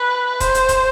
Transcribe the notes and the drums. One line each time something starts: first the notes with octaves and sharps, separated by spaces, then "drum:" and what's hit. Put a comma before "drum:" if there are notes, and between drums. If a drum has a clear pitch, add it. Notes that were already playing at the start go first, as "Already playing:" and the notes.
Already playing: B4
C5, drum: kick D#1, hi-hat
drum: hi-hat
drum: kick D#1, hi-hat